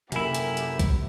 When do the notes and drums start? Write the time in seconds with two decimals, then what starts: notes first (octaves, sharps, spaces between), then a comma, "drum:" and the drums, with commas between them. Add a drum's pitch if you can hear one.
0.12 F#2 C3 A#3 E4 G4 A4 A#4 G#5, drum: hi-hat
0.35 drum: hi-hat
0.57 drum: hi-hat
0.79 drum: kick B1, hi-hat